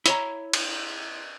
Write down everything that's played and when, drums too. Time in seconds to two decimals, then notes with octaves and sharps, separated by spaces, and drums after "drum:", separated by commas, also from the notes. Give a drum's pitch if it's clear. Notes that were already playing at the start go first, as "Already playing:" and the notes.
0.06 E4 C#5 A#5, drum: hi-hat
0.53 drum: cymbal